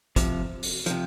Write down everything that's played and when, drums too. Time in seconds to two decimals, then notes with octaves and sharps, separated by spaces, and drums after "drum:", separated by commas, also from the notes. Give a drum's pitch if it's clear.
0.16 C3 F3, drum: kick, hi-hat
0.63 drum: open hi-hat
0.86 C3 F3, drum: hi-hat